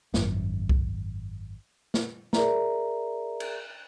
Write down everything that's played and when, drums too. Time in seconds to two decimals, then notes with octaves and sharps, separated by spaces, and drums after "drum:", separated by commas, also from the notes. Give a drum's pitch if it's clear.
0.14 G#1 F#2, drum: snare
0.69 drum: kick C2
1.94 drum: snare
2.33 G#4 A#4 D5 E5 A#5, drum: snare
3.40 drum: cymbal